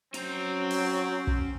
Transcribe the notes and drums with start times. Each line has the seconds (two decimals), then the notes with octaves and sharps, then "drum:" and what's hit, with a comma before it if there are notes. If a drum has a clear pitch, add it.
0.14 F#3 C4 C#4 A#5, drum: hi-hat
0.71 drum: open hi-hat
1.27 drum: kick